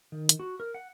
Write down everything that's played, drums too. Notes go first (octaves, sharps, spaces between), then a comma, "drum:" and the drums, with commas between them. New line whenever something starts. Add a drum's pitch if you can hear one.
D#3
drum: hi-hat
F#4
A#4
F#5